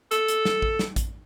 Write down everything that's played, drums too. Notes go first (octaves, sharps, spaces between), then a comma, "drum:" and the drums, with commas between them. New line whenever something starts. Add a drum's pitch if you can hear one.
A4, drum: hi-hat
drum: hi-hat
drum: snare
drum: kick A1
drum: snare
drum: kick A1, hi-hat